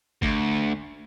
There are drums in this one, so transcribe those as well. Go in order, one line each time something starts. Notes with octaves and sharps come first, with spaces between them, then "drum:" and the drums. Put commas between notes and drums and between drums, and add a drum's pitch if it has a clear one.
D2, drum: kick G1